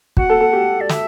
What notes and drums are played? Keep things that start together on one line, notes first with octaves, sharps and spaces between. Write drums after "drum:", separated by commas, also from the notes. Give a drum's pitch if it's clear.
F#4 F#5, drum: kick
A4
A4
G4
D5
E5, drum: snare